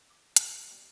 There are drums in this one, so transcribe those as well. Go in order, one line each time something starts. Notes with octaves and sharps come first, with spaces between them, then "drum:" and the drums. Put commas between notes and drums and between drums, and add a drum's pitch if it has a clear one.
D6 E6
G#2 C#3 F3 G4 C6 C#7, drum: hi-hat
G3 B3 D5 G5